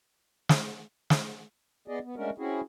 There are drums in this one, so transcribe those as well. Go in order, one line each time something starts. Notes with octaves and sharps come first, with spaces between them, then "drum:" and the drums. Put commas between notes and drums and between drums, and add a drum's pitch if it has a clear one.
drum: snare
drum: snare
B3 G#4 D5 D#5
B3
G#3 A3 C#4 D4 F#4 A#4
C4 C#4 E4 F#4 G#4